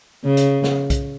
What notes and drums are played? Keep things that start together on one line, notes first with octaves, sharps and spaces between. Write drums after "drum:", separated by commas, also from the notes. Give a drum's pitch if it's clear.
C#3
drum: hi-hat
drum: snare
drum: kick B1, hi-hat